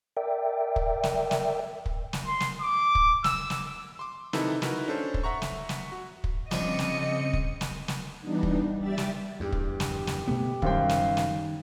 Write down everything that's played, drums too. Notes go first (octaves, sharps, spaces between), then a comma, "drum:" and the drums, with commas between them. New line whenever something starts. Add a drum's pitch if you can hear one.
A#4 D5 E5 G5
drum: kick
drum: snare
drum: snare
drum: kick
drum: snare
C6
drum: snare
D6
drum: kick
E6, drum: snare
drum: snare
C6 D6
C3 D#3 D#4 E4 A4 B4, drum: snare
D#4 E4 F#4 A#4 B4, drum: snare
C#4 D4 A4 C5
drum: kick
E5 F#5 A#5 C#6
drum: snare
drum: snare
F#4
drum: kick
C#3 F3 G3 C4 D4 D#5 C#7, drum: snare
drum: snare
drum: kick
drum: snare
drum: snare
E3 G3 B3 D4 D#4
drum: kick
G3 G4 D5 E5 A6
drum: snare
E2 G2 G4
drum: kick
drum: snare
drum: snare
B2 A3 B3
F#2 D#3 G3 C5 F5 G5, drum: kick
drum: snare
drum: snare